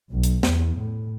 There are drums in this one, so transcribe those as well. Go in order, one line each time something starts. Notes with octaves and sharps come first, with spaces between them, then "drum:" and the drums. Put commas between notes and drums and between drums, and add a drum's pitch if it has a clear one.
B1
drum: hi-hat
E2, drum: snare
A2